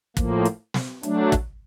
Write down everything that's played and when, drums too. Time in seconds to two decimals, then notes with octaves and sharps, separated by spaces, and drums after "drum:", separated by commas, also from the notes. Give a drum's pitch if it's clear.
0.17 A2 F3 A#3, drum: kick, hi-hat
0.45 drum: hi-hat
0.74 drum: snare
1.03 F#3 A3 D4, drum: hi-hat
1.32 drum: kick, hi-hat